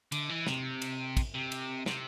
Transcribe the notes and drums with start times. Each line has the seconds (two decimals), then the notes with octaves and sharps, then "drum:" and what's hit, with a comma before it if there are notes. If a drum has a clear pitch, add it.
0.12 D3, drum: cymbal
0.29 E3
0.47 C3, drum: snare
0.82 drum: cymbal
1.17 drum: kick, cymbal
1.34 C3
1.52 drum: cymbal
1.86 C3, drum: snare